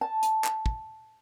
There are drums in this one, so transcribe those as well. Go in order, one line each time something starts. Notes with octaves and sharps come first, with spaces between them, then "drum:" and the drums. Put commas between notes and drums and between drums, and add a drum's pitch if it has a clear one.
A5
drum: hi-hat
drum: clap
drum: kick